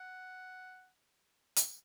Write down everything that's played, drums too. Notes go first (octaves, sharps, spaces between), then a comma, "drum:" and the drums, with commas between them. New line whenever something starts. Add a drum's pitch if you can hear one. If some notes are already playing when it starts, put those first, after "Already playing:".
Already playing: F#5
drum: hi-hat